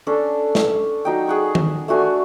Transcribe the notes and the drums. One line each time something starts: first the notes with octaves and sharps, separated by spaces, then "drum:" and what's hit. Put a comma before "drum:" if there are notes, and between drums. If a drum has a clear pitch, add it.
C#4 D4 A4
drum: snare
F#3 D#4 G5
G#4 F#5 C#6
drum: tom D#3
A3 D4 F#4 G#5